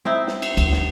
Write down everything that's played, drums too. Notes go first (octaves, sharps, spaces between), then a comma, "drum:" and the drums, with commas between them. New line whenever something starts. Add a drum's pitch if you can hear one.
C4 D#4 E4
drum: snare
drum: cymbal
D2, drum: cymbal
drum: snare